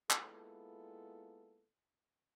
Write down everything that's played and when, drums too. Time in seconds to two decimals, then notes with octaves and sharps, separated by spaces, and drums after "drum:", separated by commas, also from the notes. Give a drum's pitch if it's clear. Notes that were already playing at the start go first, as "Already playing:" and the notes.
0.10 G#3 A#3 B3 E4 F4 A4, drum: clap